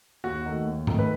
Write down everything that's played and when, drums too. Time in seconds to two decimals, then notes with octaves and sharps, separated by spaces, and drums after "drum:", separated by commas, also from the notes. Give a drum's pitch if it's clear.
0.24 D#2 F#4
0.46 D#3 A3
0.67 D#2
0.87 D#3 A3, drum: tom
0.99 B4